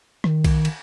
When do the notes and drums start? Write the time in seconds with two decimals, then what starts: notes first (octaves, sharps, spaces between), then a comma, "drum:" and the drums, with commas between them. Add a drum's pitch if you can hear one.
0.24 D#3, drum: rim click
0.44 drum: kick B1, cymbal
0.65 drum: cymbal